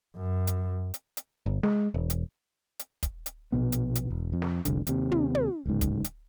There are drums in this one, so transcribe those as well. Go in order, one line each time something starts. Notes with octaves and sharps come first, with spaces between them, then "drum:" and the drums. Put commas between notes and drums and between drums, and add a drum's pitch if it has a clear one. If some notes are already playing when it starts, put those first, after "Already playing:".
F#2
drum: hi-hat
drum: hi-hat
drum: hi-hat
G1
G#3, drum: snare
E1
drum: hi-hat
drum: hi-hat
drum: kick, hi-hat
drum: hi-hat
A#1 G#2 B2 B3
drum: hi-hat
drum: hi-hat
E1
F2
drum: snare
F1 C2 D3, drum: hi-hat
D#2 C3, drum: hi-hat
drum: tom
drum: tom
D1 C#2 G#2
drum: kick, hi-hat
drum: hi-hat